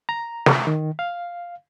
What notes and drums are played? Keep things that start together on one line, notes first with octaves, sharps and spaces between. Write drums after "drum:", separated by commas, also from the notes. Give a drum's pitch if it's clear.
A#5
drum: snare
D#3
F5